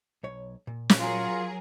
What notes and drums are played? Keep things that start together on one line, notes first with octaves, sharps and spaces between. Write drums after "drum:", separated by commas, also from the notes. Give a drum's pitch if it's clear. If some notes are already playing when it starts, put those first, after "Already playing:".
B1 C#5
A#2
drum: snare
F#3 F4 G#4 A#4